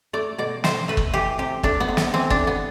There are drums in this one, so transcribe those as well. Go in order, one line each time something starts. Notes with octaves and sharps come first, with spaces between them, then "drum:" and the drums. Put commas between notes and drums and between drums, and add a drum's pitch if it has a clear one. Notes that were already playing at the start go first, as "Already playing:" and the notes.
A3 D5
B2 D5
B2 C5, drum: snare
A3 B4
drum: kick
E3 G4
C3 G4
A3 D4, drum: kick
B3
C3
B3, drum: snare
E3 C4
D4, drum: kick
A2
B3